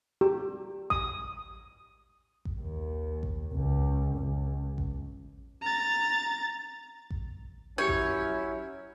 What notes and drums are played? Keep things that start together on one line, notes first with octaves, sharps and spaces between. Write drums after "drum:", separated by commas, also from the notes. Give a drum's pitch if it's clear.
G4
D#6, drum: kick A1
drum: kick A1
D#2
drum: kick A1
C#2
C#2
drum: kick A1
A#5 A6
drum: kick A1
F#3 C#4 E4 G4 C#5 G6
drum: kick A1